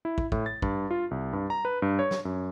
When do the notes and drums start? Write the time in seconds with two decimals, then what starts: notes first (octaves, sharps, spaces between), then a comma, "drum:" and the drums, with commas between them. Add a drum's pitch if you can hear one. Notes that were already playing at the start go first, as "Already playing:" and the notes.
0.05 E4
0.18 drum: kick
0.32 A2, drum: kick
0.46 A6
0.62 G2, drum: kick
0.91 F4
1.11 C2
1.33 G2
1.50 A#5
1.65 B4
1.82 G2
1.99 C#5
2.11 drum: snare
2.25 F#2